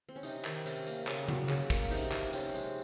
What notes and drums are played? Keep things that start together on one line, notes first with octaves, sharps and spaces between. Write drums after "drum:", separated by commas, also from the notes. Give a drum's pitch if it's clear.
C4
C#4
C3 D#4, drum: tambourine
D#3, drum: clap
C3 C#4, drum: tambourine
A#3, drum: tambourine
C#3, drum: clap
F#3, drum: tom C#3
C#3, drum: clap
A#3, drum: kick, tambourine
C3 D#4, drum: tambourine
F3, drum: clap
C3 C#4, drum: tambourine
G#3, drum: tambourine